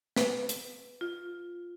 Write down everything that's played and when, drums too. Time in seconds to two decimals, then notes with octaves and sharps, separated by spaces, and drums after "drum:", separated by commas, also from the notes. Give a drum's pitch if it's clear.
0.16 B4, drum: snare
0.49 drum: hi-hat
1.01 F4